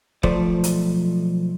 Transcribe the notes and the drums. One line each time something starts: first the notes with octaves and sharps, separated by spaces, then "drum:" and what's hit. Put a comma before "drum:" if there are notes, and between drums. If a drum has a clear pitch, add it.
B1 F3 A3 C5 D5, drum: kick
drum: hi-hat